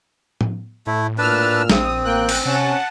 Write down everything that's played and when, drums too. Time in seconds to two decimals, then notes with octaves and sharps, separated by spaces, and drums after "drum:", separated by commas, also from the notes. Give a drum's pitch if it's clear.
0.41 drum: tom
0.87 A2 A3 E4
1.18 A#2 D4 B4 A5 E6 F6
1.70 A#1 C4 D#6, drum: snare
2.05 A1 A#3 G5 F#6
2.29 drum: cymbal
2.45 C3 C#4 F#5 A5